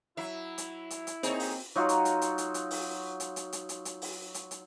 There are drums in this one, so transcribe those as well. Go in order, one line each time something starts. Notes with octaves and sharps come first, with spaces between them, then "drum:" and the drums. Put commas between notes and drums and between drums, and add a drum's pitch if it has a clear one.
F#3 E4 E5
drum: hi-hat
drum: hi-hat
drum: hi-hat
A#3 C4 D#4 G#4 C#5 D#5, drum: hi-hat
drum: open hi-hat
F#3 D#4 F4 F#4
drum: hi-hat
drum: hi-hat
drum: hi-hat
drum: hi-hat
drum: hi-hat
drum: open hi-hat
drum: hi-hat
drum: hi-hat
drum: hi-hat
drum: hi-hat
drum: hi-hat
drum: open hi-hat
drum: hi-hat
drum: hi-hat